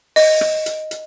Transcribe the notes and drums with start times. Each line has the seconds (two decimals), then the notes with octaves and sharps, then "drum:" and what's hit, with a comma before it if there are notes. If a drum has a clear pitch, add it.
0.16 D#5, drum: open hi-hat
0.41 drum: rim click
0.66 drum: hi-hat
0.91 drum: hi-hat